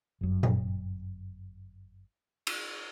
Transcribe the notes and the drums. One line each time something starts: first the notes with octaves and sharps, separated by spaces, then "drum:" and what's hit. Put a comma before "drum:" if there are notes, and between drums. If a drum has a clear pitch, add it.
G1 F#2
drum: tom A#2
drum: cymbal